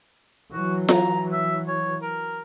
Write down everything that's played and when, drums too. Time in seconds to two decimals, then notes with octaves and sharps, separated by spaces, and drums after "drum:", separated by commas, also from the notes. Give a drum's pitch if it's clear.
0.53 E3 F#3 F#4
0.89 A#5, drum: snare F4
1.33 E5
1.68 C#5
2.02 A#4